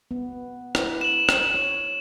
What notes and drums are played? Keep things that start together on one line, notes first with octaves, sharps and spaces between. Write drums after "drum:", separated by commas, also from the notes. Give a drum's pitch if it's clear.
B3
E4 B4, drum: rim click
E7 F#7
drum: rim click
C#5